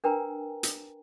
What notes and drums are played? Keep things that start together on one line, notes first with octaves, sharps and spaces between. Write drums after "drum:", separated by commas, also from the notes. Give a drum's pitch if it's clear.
D4 A#4 B4 G5 G#5 A#5
drum: hi-hat